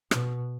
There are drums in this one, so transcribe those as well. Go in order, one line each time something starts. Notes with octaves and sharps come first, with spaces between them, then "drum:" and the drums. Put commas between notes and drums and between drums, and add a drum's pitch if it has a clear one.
B2, drum: rim click